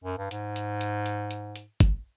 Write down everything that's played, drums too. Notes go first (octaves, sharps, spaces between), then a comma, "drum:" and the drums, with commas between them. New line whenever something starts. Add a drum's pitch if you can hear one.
F#2
G2
G#2, drum: hi-hat
drum: hi-hat
drum: hi-hat
drum: hi-hat
drum: hi-hat
drum: hi-hat
drum: kick, hi-hat